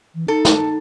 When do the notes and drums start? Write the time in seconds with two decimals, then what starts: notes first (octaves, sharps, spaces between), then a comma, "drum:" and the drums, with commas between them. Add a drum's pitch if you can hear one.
0.15 E3
0.28 D#4 A4
0.45 drum: snare